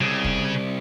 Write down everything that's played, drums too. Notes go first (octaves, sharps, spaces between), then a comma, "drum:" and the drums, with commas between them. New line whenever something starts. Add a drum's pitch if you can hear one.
C2 C#3
drum: kick